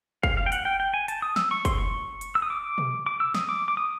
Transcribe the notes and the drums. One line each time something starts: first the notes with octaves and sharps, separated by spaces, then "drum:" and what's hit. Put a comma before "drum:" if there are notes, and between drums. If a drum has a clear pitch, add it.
F5, drum: kick
F5
G5
F#5, drum: hi-hat
G5
G5
G#5
A5, drum: hi-hat
D#6
E6, drum: snare
C#6
C6, drum: kick, hi-hat
C#6
drum: hi-hat
E6
D#6
D6
drum: tom B2
D6
E6
D#6, drum: snare
D6
D6
D#6